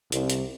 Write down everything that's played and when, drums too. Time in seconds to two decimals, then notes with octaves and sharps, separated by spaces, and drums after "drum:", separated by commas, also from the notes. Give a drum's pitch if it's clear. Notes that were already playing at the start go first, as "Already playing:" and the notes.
0.12 C2, drum: hi-hat
0.30 drum: hi-hat